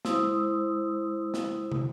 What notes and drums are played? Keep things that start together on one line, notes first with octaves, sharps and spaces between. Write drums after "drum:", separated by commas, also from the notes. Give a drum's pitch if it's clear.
G#3 E4 C5 C6 D#6 E6, drum: snare
drum: snare
drum: tom